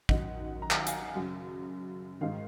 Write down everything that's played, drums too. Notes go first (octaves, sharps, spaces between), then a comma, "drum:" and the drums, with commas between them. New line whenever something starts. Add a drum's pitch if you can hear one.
F#2 D#3 D#5 F#5, drum: kick
A#5
G#5, drum: clap
F#5
F5 G#5, drum: hi-hat
F#2 C#3
G#2 D#3 F5